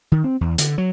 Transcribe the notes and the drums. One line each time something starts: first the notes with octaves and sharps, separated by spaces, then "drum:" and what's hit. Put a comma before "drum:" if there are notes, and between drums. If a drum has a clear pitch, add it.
D#3
C4
E2
D3, drum: hi-hat
F#3